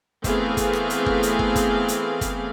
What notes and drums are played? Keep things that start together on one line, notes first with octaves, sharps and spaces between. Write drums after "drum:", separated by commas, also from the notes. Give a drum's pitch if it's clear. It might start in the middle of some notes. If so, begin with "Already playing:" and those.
E3 A3 B3 C4 G#4 F5, drum: kick, hi-hat
drum: kick, hi-hat
drum: rim click
drum: hi-hat
drum: kick
drum: hi-hat
drum: kick
drum: kick, hi-hat
drum: hi-hat
drum: kick, hi-hat